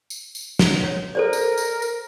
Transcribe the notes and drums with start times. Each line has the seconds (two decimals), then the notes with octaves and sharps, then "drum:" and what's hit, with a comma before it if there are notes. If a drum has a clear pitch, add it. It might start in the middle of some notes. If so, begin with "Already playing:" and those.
0.10 drum: tambourine
0.35 drum: tambourine
0.59 drum: snare
0.84 C#5
1.15 A4 A#4 C5 D5
1.33 drum: tambourine
1.57 drum: tambourine
1.82 drum: tambourine